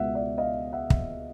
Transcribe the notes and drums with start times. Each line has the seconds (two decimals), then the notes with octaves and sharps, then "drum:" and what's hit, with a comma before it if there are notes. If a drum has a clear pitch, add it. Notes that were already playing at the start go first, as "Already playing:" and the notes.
Already playing: C#2 B2 G#3 B3 E5 F#5
0.15 D5 E5
0.38 D#5 F5
0.72 E5 F#5
0.90 drum: kick